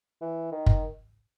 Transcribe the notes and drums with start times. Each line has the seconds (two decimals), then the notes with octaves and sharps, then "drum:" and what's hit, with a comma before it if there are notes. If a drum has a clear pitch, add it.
0.22 E3
0.52 D#3
0.66 drum: kick